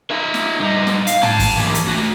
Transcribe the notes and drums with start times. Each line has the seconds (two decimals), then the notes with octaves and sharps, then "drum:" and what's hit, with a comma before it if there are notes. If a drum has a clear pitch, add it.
0.11 D#4 E5
0.34 drum: snare
0.60 G2 D#4
0.87 drum: snare
1.07 F5, drum: hi-hat
1.23 G5 A5, drum: tom
1.39 drum: kick, open hi-hat
1.57 E3 A#3
1.75 drum: hi-hat
1.88 A3 F#4